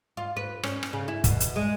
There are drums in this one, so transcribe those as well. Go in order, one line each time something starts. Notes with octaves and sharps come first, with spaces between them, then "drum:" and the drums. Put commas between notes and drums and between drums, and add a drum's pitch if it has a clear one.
F4
B4
C#4, drum: rim click
drum: rim click
C#3
E4
B2, drum: kick, hi-hat
drum: hi-hat
G#3